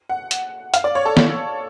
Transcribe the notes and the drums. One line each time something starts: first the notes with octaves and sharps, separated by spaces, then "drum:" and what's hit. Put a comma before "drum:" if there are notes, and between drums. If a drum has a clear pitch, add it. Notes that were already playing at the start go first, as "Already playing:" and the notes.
F#5
drum: hi-hat
F5, drum: hi-hat
D5
C#5
A4
drum: snare